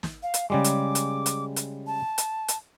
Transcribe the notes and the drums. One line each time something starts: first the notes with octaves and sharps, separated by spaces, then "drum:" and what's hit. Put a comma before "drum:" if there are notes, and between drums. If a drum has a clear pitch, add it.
drum: snare
F5
drum: hi-hat
C#3 G3 G#3 D6
drum: hi-hat
drum: hi-hat
drum: hi-hat
drum: hi-hat
A5
drum: hi-hat
drum: hi-hat